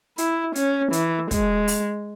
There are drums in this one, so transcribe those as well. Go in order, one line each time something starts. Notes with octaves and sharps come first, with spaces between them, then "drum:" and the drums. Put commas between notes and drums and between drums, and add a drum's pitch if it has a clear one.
E4, drum: hi-hat
C#4, drum: hi-hat
E3, drum: hi-hat
G#3, drum: kick, hi-hat
drum: open hi-hat